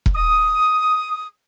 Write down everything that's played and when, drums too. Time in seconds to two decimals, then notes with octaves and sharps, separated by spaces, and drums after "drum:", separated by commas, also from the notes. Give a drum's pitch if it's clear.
0.06 drum: kick E1
0.15 D#6